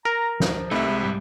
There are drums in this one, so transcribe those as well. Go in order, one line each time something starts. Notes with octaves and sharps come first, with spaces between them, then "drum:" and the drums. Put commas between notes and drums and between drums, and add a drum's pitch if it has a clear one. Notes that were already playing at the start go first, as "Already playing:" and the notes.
A#4 A#5
F3, drum: snare
C2 C3 A3 D#4 E5 B5
G#3
G#2 G3